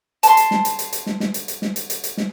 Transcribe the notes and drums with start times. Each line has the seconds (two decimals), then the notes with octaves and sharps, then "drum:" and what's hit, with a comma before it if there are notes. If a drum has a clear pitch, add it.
0.23 A5 C6, drum: hi-hat
0.37 drum: hi-hat
0.51 drum: snare
0.65 drum: hi-hat
0.79 drum: hi-hat
0.93 drum: hi-hat
1.06 drum: snare
1.20 drum: snare
1.34 drum: hi-hat
1.48 drum: hi-hat
1.62 drum: snare
1.76 drum: hi-hat
1.90 drum: hi-hat
2.04 drum: hi-hat
2.17 drum: snare